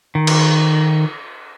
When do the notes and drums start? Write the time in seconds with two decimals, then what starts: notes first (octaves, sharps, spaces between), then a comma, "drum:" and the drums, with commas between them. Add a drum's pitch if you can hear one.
0.15 D#3
0.27 drum: cymbal